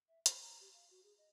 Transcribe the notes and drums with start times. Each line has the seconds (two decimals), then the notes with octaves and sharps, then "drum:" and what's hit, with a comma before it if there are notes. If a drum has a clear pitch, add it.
0.08 E5
0.26 B5, drum: hi-hat
0.41 A#5
0.60 G4
0.73 F5
0.90 F#4
1.03 G#4
1.18 D#5